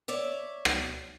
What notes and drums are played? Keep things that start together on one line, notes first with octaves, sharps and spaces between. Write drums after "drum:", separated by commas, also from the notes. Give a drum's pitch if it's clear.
C#5 D5 E5
drum: rim click